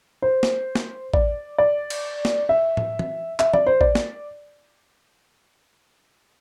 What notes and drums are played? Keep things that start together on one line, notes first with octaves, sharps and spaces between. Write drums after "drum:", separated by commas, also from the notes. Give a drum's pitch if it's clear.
C5
drum: snare
drum: snare
D5, drum: kick A1
D5
drum: cymbal
drum: snare
E5
drum: tom
drum: tom E3
E5, drum: clap
D5, drum: tom E3
C5
D5, drum: kick A1
drum: snare